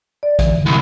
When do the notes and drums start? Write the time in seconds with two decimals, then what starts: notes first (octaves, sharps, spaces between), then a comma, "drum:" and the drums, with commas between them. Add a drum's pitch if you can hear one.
0.23 D5
0.39 D3 E3, drum: kick, hi-hat
0.66 C2